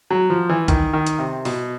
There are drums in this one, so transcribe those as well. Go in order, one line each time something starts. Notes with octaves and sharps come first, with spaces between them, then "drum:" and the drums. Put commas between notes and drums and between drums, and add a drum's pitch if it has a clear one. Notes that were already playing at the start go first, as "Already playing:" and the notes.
F#3
F3
E3
D#3, drum: kick, hi-hat
D#3
drum: hi-hat
C3
B2, drum: open hi-hat